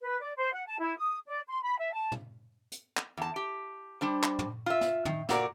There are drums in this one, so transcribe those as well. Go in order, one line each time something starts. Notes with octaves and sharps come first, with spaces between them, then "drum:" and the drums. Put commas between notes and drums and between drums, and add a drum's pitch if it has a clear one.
B4
D5
C5
F#5
A5
E4
D#6
D5
C6
B5
E5
A5
drum: tom
drum: hi-hat
drum: clap
E2 A5
G4
G3 D4 C5
drum: clap
drum: tom
F4 E5
drum: snare
D#3, drum: tom
A#2 F#4 A#4 C5 D5, drum: snare